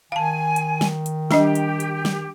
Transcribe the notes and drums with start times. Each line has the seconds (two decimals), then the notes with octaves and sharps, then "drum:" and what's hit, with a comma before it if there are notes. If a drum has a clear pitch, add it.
0.12 D#3 F5 G#5 A5
0.56 drum: hi-hat
0.81 drum: snare
1.06 drum: hi-hat
1.31 G3 D4 G4 D#5, drum: snare
1.55 drum: hi-hat
1.80 drum: hi-hat
2.05 drum: snare